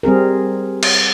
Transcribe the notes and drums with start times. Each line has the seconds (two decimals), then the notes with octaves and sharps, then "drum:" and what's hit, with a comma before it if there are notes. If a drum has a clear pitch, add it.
0.03 G3 C4 G#4 A#4
0.83 drum: cymbal